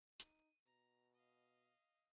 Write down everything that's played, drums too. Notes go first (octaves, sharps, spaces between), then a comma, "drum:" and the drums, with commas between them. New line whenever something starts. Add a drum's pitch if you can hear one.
D#4 D#7, drum: hi-hat
B2 A#5
D#5 F5